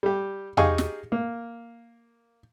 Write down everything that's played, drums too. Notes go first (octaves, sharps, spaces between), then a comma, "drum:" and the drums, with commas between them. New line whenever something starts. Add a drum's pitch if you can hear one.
G3 G4
D#4 G4 G#4 F5 G#5 C#6, drum: tom E2
drum: snare
A#3